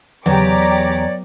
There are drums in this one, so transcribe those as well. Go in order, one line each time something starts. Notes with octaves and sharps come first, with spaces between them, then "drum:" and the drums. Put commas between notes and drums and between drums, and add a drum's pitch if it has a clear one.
E2 F#3 G4 C#5 D5 A#5 D6, drum: tom C#3